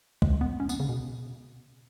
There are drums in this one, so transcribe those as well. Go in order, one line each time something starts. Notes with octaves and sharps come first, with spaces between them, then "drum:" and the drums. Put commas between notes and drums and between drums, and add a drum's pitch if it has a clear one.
G#3, drum: kick
B3
C#4
B3, drum: tambourine
C#3
B2